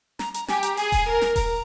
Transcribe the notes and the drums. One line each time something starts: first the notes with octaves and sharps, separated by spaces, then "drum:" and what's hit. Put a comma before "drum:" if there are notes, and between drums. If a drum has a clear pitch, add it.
A#5, drum: snare
A#5, drum: hi-hat
G4 G#5, drum: snare
A#5, drum: hi-hat
G#4 G#5, drum: open hi-hat
drum: kick D#1, open hi-hat
A#4
drum: snare
A#5, drum: kick D#1, open hi-hat